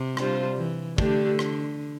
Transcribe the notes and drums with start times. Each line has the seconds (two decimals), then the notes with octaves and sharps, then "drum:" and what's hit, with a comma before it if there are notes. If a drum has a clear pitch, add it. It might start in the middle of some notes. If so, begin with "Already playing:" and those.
Already playing: C3
0.17 G3 D4 F4 C5, drum: rim click
0.58 E3
0.98 D3 A3 D4 G4, drum: kick
1.39 drum: rim click